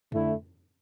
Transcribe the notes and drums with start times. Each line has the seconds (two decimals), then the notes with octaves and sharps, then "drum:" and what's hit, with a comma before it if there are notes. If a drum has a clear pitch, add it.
0.12 D3 A3 E4, drum: tom F2